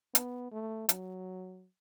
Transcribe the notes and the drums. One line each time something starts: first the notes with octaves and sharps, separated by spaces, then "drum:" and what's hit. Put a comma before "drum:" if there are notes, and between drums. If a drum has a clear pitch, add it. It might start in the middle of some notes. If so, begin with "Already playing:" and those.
B3, drum: hi-hat
A3
F#3, drum: hi-hat